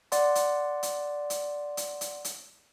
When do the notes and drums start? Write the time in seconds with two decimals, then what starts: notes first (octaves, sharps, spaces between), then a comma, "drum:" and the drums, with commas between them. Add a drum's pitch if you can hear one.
0.12 D5 F#5 C6, drum: hi-hat
0.35 drum: hi-hat
0.83 drum: hi-hat
1.30 drum: hi-hat
1.77 drum: hi-hat
2.01 drum: hi-hat
2.25 drum: hi-hat